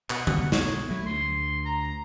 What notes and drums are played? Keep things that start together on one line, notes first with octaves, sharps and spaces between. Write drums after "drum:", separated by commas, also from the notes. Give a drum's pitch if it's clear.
B2 F#5, drum: clap
F#1 C2 F#2 F#5, drum: tom D3
B1 C#5, drum: snare
F#3 A3 E4
D2 C6
A#5